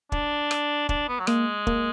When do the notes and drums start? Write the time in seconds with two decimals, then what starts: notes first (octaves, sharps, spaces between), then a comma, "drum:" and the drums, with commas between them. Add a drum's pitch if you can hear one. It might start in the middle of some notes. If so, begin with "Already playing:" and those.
0.12 D4, drum: kick
0.51 drum: rim click
0.89 D4, drum: kick
1.08 B3
1.19 F#3
1.27 G#3 A#3, drum: rim click
1.67 A#3, drum: kick